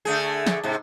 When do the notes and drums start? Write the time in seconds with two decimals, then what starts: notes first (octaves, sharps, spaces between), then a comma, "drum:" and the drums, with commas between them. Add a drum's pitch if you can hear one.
0.05 D3 A3 G#4
0.47 drum: snare
0.64 G#2 C3